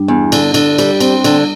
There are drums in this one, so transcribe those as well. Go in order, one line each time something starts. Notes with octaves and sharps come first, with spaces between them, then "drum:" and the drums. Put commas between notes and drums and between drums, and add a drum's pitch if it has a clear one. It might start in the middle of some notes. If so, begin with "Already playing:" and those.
Already playing: G2
E2
D3, drum: cymbal
D3, drum: cymbal
G3, drum: cymbal
C4, drum: cymbal
D3, drum: cymbal